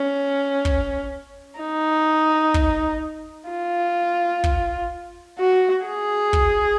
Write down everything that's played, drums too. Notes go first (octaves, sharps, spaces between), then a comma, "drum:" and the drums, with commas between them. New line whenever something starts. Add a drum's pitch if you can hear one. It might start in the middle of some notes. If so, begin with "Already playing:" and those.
Already playing: C#4
drum: kick
D#4
drum: kick
F4
drum: kick
F#4
G#4
drum: kick